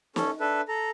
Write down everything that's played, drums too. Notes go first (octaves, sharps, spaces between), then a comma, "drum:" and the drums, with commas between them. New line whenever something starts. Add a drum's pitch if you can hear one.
C#4 A4, drum: snare
D4 A4 B4 E5
A4 A#5